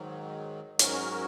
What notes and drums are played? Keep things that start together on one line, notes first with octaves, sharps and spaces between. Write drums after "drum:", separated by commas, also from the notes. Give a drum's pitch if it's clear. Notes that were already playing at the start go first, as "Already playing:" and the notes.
Already playing: G#2 D#3 F#3
G#2 F#3 C#4 F#4 A#4, drum: hi-hat